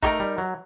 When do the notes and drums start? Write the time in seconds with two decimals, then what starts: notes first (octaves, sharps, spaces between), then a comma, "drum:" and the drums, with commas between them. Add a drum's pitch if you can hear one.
0.02 A3 D#4 G4 A#4, drum: kick
0.20 G3
0.38 F#3